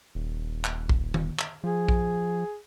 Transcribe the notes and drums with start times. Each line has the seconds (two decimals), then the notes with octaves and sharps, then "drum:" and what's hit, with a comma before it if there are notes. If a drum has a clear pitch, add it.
0.15 D#1
0.65 drum: clap
0.89 drum: kick A#1
1.14 drum: tom D#3
1.39 drum: clap
1.64 F3 G#4
1.89 drum: kick A#1